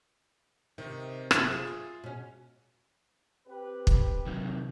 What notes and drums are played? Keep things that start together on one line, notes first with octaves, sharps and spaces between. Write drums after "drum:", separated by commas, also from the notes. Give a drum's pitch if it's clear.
C3 D#3 D#4
F#2 C3 E4, drum: rim click
F4 G#4
E5
B2 C#4
C4 G4 B4
drum: kick
C3 D#3 F#3